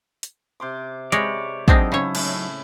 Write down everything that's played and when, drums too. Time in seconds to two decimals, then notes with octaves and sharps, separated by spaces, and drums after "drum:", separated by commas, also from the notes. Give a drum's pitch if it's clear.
0.23 drum: hi-hat
0.60 C3 C6 D6
1.12 C3 G#3 C#5 D5 B5, drum: hi-hat
1.68 F#3 G#3 C4 D4 D#4 A4 D#5, drum: kick
1.92 C#3 E4 C#5
2.15 A2 C#4 E4, drum: cymbal